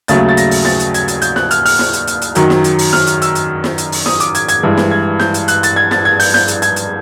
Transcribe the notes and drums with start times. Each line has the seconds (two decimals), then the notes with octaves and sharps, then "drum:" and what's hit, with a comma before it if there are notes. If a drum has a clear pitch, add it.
0.08 D#2 C#3 F#3 A3 A6, drum: hi-hat
0.29 A6
0.37 A#6, drum: hi-hat
0.51 drum: open hi-hat
0.65 A6, drum: snare
0.80 drum: hi-hat
0.94 G#6, drum: hi-hat
1.08 drum: hi-hat
1.22 G6, drum: hi-hat
1.36 F#6, drum: snare
1.51 F6, drum: hi-hat
1.65 F6, drum: open hi-hat
1.79 drum: snare
1.93 drum: hi-hat
2.07 drum: hi-hat
2.22 drum: hi-hat
2.35 F#2 D#3 F#3, drum: hi-hat
2.50 drum: snare
2.64 drum: hi-hat
2.79 drum: open hi-hat
2.93 F6, drum: snare
3.07 drum: hi-hat
3.22 E6, drum: hi-hat
3.35 drum: hi-hat
3.64 drum: snare
3.78 drum: hi-hat
3.92 drum: open hi-hat
4.06 D#6, drum: snare
4.20 D6, drum: hi-hat
4.35 G#6, drum: hi-hat
4.48 G#6, drum: hi-hat
4.63 G2 E3 G#3
4.77 drum: snare
4.91 G#6
5.19 G6, drum: snare
5.34 drum: hi-hat
5.48 F#6, drum: hi-hat
5.63 A6, drum: hi-hat
5.76 G#6
5.91 A6, drum: snare
6.05 G#6
6.20 G6, drum: open hi-hat
6.34 G6, drum: snare
6.48 drum: hi-hat
6.62 G#6, drum: hi-hat
6.76 drum: hi-hat